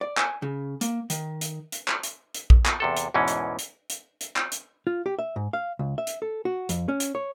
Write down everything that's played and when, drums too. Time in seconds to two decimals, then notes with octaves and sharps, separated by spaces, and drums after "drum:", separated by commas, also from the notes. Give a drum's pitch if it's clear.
0.01 D5
0.17 G#5, drum: clap
0.42 C#3
0.81 A#3, drum: hi-hat
1.10 D#3, drum: hi-hat
1.41 drum: hi-hat
1.72 drum: hi-hat
1.88 drum: clap
2.03 drum: hi-hat
2.34 drum: hi-hat
2.50 drum: kick A#1
2.66 drum: clap
2.80 E2 C3 A4
2.97 drum: hi-hat
3.14 E2 G#2 B2 E3 C#4
3.28 drum: hi-hat
3.59 drum: hi-hat
3.90 drum: hi-hat
4.21 drum: hi-hat
4.36 drum: clap
4.52 drum: hi-hat
4.87 F4
5.06 G4
5.19 E5
5.36 G#2
5.53 F5
5.79 C#2
5.98 E5
6.07 drum: hi-hat
6.22 A4
6.45 F#4
6.69 F2, drum: hi-hat
6.88 C#4
7.00 drum: hi-hat
7.15 C#5